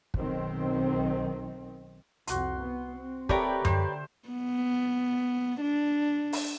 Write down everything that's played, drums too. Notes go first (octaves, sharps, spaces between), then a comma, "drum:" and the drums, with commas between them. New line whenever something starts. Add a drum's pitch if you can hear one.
B1 D#3 C4, drum: kick
C2 F2 F#4 C6, drum: hi-hat
B3
C4
A3 G4 A#4 B4 C#5 D5 G5 B5, drum: kick
D3 C5, drum: tom F#2
B3
D4
drum: open hi-hat